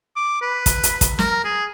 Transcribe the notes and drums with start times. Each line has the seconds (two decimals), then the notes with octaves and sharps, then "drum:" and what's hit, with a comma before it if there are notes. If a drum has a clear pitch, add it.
0.16 D6
0.42 B4
0.66 drum: kick, hi-hat
0.83 drum: hi-hat
1.01 drum: kick, hi-hat
1.19 A#4, drum: snare
1.45 G#4